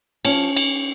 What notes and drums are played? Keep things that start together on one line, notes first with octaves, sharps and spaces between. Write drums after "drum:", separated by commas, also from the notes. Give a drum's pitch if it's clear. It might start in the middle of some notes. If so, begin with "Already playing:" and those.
F3 C#4, drum: cymbal
drum: cymbal